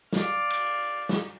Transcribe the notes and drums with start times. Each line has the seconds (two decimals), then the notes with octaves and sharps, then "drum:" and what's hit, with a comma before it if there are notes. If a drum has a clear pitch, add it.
0.13 D5 F5, drum: snare
0.50 drum: cymbal
1.09 drum: snare